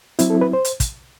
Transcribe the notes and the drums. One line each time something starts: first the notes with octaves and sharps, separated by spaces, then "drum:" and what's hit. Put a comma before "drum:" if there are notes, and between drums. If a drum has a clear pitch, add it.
F#3 C4 E4, drum: hi-hat
A4
B4
C5
drum: hi-hat
drum: kick, hi-hat